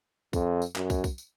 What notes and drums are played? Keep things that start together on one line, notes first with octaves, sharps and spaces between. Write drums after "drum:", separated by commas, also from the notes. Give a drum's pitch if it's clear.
F2, drum: kick, tambourine
drum: tambourine
F#2, drum: clap
drum: kick, tambourine
drum: kick, tambourine
drum: tambourine